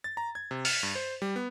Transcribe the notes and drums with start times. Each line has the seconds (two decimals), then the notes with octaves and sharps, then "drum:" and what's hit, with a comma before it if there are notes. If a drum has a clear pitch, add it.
0.04 A6
0.17 A#5
0.35 G#6
0.51 C3
0.65 F6, drum: open hi-hat
0.83 G2
0.95 C5
1.22 G3
1.36 B3